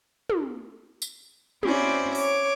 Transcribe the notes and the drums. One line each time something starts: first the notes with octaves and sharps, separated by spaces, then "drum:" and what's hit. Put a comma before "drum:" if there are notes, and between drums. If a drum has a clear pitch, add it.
drum: tom
drum: tambourine
C4 C#4 E4 F#4 C5 D5, drum: tom
C#5 D6, drum: open hi-hat